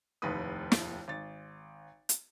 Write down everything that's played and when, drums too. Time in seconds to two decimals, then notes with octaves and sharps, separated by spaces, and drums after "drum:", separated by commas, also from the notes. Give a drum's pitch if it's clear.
0.22 F1 D#2 A2 B4 D#6
0.72 drum: snare
1.08 G#1 A6
2.09 drum: hi-hat